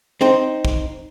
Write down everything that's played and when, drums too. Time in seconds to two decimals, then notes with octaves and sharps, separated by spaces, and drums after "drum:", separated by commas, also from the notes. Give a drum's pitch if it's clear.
0.21 C4 D#4 C5
0.65 drum: kick